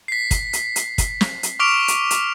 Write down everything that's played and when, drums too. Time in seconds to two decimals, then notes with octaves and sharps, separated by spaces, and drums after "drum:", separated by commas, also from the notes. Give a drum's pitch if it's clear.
0.08 B6 C7
0.31 drum: kick, hi-hat
0.53 drum: hi-hat
0.76 drum: hi-hat
0.98 drum: kick, hi-hat
1.21 drum: snare
1.43 drum: hi-hat
1.59 C#6 D6 F6 B6 D7 F7
1.88 drum: hi-hat
2.11 drum: hi-hat